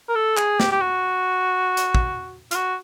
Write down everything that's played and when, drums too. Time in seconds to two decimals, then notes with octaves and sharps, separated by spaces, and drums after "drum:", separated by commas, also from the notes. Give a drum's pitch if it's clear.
0.09 A#4
0.15 A4
0.37 G#4, drum: clap
0.60 G4, drum: snare
0.72 G4
0.81 F#4
1.77 drum: hi-hat
1.95 drum: kick
2.51 F4, drum: hi-hat
2.55 F#4